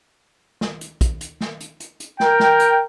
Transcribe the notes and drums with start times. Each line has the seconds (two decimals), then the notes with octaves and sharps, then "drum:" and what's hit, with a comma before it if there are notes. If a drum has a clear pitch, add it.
0.61 drum: snare
0.81 drum: hi-hat
1.01 drum: kick, hi-hat
1.21 drum: hi-hat
1.41 drum: snare
1.60 drum: hi-hat
1.80 drum: hi-hat
2.00 drum: hi-hat
2.20 A#4 G5, drum: snare
2.40 drum: snare
2.60 drum: hi-hat